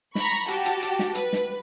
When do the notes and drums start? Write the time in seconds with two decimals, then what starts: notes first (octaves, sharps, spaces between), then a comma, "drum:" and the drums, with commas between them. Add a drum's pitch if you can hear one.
0.15 A#5 B5 C#6, drum: snare
0.48 F#4 G4 A5, drum: hi-hat
0.66 drum: hi-hat
0.82 drum: hi-hat
0.99 drum: snare
1.15 B4, drum: hi-hat
1.33 drum: snare